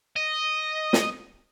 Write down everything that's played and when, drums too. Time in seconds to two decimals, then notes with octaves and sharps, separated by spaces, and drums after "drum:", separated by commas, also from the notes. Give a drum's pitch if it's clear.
0.16 D#5
0.93 drum: snare